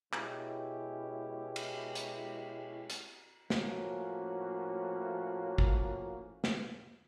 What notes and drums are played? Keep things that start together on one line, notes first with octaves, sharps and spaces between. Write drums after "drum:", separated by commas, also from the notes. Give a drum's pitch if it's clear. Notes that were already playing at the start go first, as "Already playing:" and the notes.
B2 G#3 C#4 E4 G4, drum: clap
drum: cymbal
drum: hi-hat
drum: hi-hat
A2 F3 A#3 C#4 F#4, drum: snare
drum: kick
drum: snare